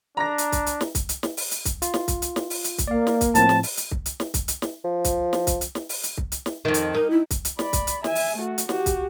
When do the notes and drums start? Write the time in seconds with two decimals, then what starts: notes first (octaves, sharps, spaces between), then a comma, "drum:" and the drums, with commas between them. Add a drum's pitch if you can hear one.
0.17 D4 A#5 A#6
0.38 drum: hi-hat
0.52 drum: kick, hi-hat
0.66 drum: hi-hat
0.81 drum: snare
0.95 drum: kick, hi-hat
1.09 drum: hi-hat
1.23 drum: snare
1.37 drum: open hi-hat
1.51 drum: hi-hat
1.65 drum: kick, hi-hat
1.82 F4, drum: hi-hat
1.94 drum: snare
2.08 drum: kick, hi-hat
2.22 drum: hi-hat
2.36 drum: snare
2.50 drum: open hi-hat
2.64 drum: hi-hat
2.78 drum: kick, hi-hat
2.87 A#3 D5 F5
3.07 drum: snare
3.21 drum: kick, hi-hat
3.35 A2 F3 C4 A5, drum: hi-hat
3.49 drum: snare
3.63 drum: open hi-hat
3.77 drum: hi-hat
3.91 drum: kick
4.06 drum: hi-hat
4.20 drum: snare
4.34 drum: kick, hi-hat
4.48 drum: hi-hat
4.62 drum: snare
4.84 F3
5.04 drum: kick, hi-hat
5.33 drum: snare
5.47 drum: kick, hi-hat
5.61 drum: hi-hat
5.75 drum: snare
5.89 drum: open hi-hat
6.03 drum: hi-hat
6.17 drum: kick
6.32 drum: hi-hat
6.46 drum: snare
6.65 F2 D#3
6.74 drum: hi-hat
6.94 D#4 A#4
7.10 E4
7.31 drum: kick, hi-hat
7.45 drum: hi-hat
7.59 D5 B5, drum: snare
7.73 drum: kick, hi-hat
7.87 drum: hi-hat
8.04 E5 G#5, drum: snare
8.15 drum: open hi-hat
8.37 A3 F#4
8.58 drum: hi-hat
8.69 F#4 G4, drum: snare
8.86 drum: kick, hi-hat